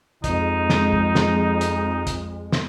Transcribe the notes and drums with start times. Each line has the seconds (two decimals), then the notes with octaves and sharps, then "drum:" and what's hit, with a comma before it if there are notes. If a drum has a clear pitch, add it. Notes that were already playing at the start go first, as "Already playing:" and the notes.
0.24 F2 G#3 D#4, drum: kick, hi-hat
0.70 drum: snare
0.92 drum: kick
1.15 drum: snare
1.61 drum: hi-hat
2.07 drum: kick, hi-hat
2.52 drum: snare